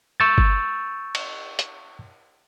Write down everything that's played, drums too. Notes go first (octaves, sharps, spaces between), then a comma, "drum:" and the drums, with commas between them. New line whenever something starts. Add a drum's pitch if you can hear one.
C#6 E6 G6 A6
drum: kick G1
drum: cymbal
drum: hi-hat